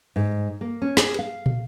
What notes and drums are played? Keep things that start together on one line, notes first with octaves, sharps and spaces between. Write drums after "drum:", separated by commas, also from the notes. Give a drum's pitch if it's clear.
G#2
A#3
C#4
G#4, drum: snare
F5
drum: tom